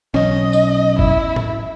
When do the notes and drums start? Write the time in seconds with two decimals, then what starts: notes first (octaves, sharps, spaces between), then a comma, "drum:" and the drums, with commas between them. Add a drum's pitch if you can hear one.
0.14 B1 C#4 D#5, drum: snare
0.53 drum: tambourine
0.99 E4, drum: kick
1.36 drum: tom A2